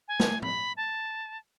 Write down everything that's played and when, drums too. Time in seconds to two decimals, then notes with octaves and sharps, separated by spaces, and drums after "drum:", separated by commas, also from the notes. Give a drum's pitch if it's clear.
0.08 G#5
0.20 drum: snare
0.42 B5, drum: tom
0.77 A5